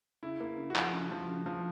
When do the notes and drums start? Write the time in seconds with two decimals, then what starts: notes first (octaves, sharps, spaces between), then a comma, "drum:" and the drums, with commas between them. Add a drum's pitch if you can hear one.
0.23 C#3 E4
0.40 A#3
0.58 C#3
0.70 F#4
0.76 F3, drum: clap
0.94 C#3
1.11 F3
1.29 C#3
1.46 F3